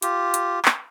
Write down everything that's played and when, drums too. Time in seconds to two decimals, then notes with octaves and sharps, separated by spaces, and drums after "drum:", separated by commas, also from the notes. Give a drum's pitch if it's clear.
0.02 F4 G4, drum: hi-hat
0.34 drum: hi-hat
0.65 drum: clap